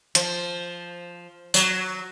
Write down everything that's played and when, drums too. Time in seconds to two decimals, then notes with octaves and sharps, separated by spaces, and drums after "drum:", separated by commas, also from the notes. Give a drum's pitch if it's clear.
0.15 F3, drum: hi-hat
1.54 F#3, drum: tambourine